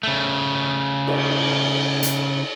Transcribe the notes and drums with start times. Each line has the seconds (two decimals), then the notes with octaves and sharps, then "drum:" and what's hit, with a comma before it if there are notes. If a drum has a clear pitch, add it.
0.03 C#3 A3
1.07 drum: cymbal
2.03 drum: hi-hat